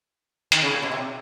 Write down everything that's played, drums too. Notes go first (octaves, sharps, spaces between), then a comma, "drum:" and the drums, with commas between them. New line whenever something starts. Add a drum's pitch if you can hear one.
D#3, drum: hi-hat
C#3
A#2
B2
C3